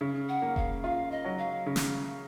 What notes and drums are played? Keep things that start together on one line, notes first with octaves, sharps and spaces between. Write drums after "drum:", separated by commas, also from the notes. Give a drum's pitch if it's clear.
C#3
F#5
A#3
F5, drum: kick F1
F4 F5
D#5
F#3
F5
C#3
drum: snare